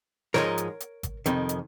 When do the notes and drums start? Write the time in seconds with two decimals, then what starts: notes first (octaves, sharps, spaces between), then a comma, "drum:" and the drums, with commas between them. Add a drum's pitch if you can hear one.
0.34 G#2 F3 G#3 D#4 A#4 C#5, drum: snare
0.58 drum: hi-hat
0.80 drum: hi-hat
1.03 drum: kick G#1, hi-hat
1.26 F2 C3 D#3, drum: hi-hat
1.49 drum: hi-hat